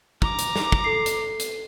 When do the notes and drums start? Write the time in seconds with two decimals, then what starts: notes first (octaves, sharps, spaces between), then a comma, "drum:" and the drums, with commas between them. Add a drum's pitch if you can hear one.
0.22 A#5 D6, drum: kick
0.39 drum: hi-hat
0.56 drum: snare
0.72 drum: kick
0.84 A4 C7
1.06 drum: hi-hat
1.40 drum: hi-hat